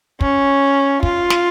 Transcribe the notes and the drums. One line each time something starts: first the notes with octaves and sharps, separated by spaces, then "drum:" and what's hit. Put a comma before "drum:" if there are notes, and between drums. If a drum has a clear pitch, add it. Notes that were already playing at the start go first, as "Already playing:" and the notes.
C#4, drum: kick
F4, drum: kick
drum: snare